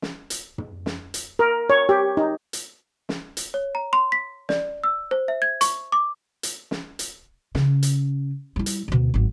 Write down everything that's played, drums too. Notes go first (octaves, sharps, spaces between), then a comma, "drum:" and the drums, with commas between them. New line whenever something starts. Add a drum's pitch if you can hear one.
drum: snare
drum: hi-hat
drum: tom
drum: snare
drum: hi-hat
A#4
C#5
G4
D#4
drum: hi-hat
drum: snare
drum: hi-hat
C#5
A#5
C6
B6
D5, drum: snare
E6
C5
E5
G#6
C#6, drum: hi-hat
D6
drum: hi-hat
drum: snare
drum: hi-hat
C#3, drum: snare
drum: hi-hat
G3 E4
drum: hi-hat
D2 B2
G#1 F#3